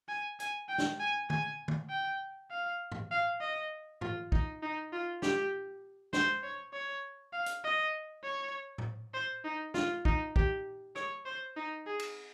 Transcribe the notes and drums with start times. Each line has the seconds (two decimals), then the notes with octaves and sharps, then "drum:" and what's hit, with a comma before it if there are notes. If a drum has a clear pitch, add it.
0.09 G#5
0.40 G#5, drum: hi-hat
0.69 G5
0.78 drum: snare
1.00 G#5
1.30 G#5, drum: tom D3
1.68 drum: tom D3
1.90 G5
2.51 F5
2.92 drum: tom G#2
3.11 F5
3.41 D#5
4.01 F4, drum: tom G#2
4.32 D#4, drum: kick
4.62 D#4
4.93 F4
5.22 G4, drum: snare
6.13 C5, drum: snare
6.43 C#5
6.74 C#5
7.33 F5
7.46 drum: hi-hat
7.64 D#5
8.24 C#5
8.78 drum: tom A2
9.14 C5
9.44 D#4
9.74 F4, drum: snare
10.05 D#4, drum: kick
10.36 G4, drum: kick
10.96 C#5, drum: rim click
11.25 C5
11.56 D#4
11.87 G#4
11.99 drum: cymbal